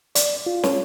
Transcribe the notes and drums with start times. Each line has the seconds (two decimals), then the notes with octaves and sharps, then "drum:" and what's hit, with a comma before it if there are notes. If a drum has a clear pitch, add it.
0.15 D5, drum: hi-hat
0.46 F4
0.64 C#5, drum: snare